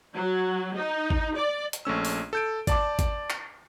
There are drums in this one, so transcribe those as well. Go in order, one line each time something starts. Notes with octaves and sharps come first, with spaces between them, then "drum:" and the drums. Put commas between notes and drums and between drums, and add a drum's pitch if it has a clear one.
F#3
D#4
drum: kick G#1
D5
drum: hi-hat
A#1 A3 C#4 E6
drum: open hi-hat
A4 G6 D7
D5 A5 D6, drum: kick G#1, hi-hat
drum: kick G#1, hi-hat
drum: clap